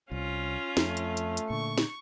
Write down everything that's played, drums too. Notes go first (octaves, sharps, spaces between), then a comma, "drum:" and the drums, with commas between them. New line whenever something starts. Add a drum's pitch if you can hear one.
C2 C#4 F4
F2 A3, drum: snare
drum: hi-hat
drum: hi-hat
drum: hi-hat
A#2 D3 C#6
drum: snare